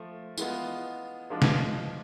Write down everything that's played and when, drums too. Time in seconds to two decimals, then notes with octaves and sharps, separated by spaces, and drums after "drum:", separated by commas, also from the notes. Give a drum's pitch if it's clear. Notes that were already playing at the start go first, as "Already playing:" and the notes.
Already playing: F3 A3
0.37 E3 G#3 B3 F4, drum: tambourine
1.30 F3 G#3 D4 F4
1.42 drum: snare